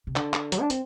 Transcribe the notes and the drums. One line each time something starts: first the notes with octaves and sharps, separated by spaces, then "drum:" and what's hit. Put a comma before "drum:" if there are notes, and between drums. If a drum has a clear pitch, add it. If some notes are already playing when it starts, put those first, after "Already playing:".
C3
D3, drum: clap
drum: clap
F#3, drum: hi-hat
D4
C4, drum: hi-hat